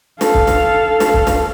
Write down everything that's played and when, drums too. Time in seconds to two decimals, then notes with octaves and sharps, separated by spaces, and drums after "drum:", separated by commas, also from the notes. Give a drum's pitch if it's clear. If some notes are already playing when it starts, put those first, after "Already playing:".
0.21 A4 F5, drum: snare
0.34 drum: kick
0.47 drum: snare
1.00 drum: snare
1.14 drum: kick
1.27 drum: snare